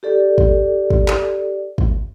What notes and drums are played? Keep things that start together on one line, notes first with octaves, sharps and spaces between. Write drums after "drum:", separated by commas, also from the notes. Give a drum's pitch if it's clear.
G4 A4 D5
drum: kick
drum: kick
drum: clap
drum: kick